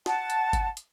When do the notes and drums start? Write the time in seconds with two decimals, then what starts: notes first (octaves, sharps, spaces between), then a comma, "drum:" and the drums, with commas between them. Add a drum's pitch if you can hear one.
0.06 F#5 A5, drum: snare
0.30 drum: hi-hat
0.53 drum: kick G1, hi-hat
0.77 drum: hi-hat